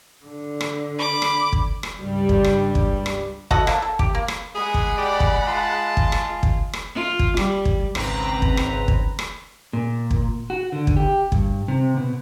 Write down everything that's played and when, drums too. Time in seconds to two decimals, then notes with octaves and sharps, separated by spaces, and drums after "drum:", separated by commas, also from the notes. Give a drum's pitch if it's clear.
0.25 D3
0.61 drum: rim click
0.99 B5 D6
1.22 drum: rim click
1.52 drum: kick
1.83 drum: rim click
2.00 C#2 G2 G3
2.29 drum: kick
2.44 drum: rim click
2.75 drum: kick
3.06 drum: rim click
3.51 F#4 A4 D#5 F#5, drum: kick
3.67 A#3 E5 A5, drum: rim click
3.82 A4
3.99 G4, drum: kick
4.15 A#3
4.28 drum: rim click
4.55 G#3 G#4 F#5 B5
4.74 drum: kick
4.98 G4 D5
5.20 drum: kick
5.47 F4 A5
5.97 drum: kick
6.12 drum: rim click
6.25 F4
6.43 drum: kick
6.73 drum: rim click
6.95 F4
7.19 drum: kick
7.37 G3, drum: rim click
7.65 drum: kick
7.95 G#1 C#2 C4 B4 A#5, drum: rim click
8.42 drum: kick
8.57 drum: rim click
8.88 drum: kick
9.19 drum: rim click
9.73 A#2
10.11 drum: kick
10.50 F#4
10.72 D3
10.87 drum: kick
10.96 G4
11.32 G2, drum: kick
11.68 C3
11.97 B2